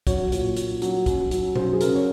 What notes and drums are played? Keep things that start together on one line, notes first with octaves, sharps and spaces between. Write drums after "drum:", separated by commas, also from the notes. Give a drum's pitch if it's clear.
F#3 C#5, drum: kick, hi-hat
A#2, drum: hi-hat
A#2, drum: hi-hat
F#3, drum: hi-hat
F#2, drum: kick, hi-hat
F#3, drum: hi-hat
F#2 C5, drum: tom B2
G#4
C#3 A#4, drum: hi-hat
C#5